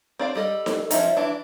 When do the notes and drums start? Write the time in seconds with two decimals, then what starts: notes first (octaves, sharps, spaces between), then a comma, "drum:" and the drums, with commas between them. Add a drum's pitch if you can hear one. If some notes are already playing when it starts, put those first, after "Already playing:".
0.19 C4 D5 F5
0.36 G3 A4 D#5
0.66 drum: snare D#4
0.91 F3 C#4 D#4 E5, drum: hi-hat
1.17 E3 D4